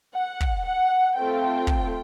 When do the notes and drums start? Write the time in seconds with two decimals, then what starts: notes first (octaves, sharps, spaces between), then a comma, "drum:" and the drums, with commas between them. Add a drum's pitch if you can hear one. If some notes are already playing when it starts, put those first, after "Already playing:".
0.15 F#5
0.41 drum: kick
0.65 F#5
1.16 A3 C4 F4 A4 G5
1.67 drum: kick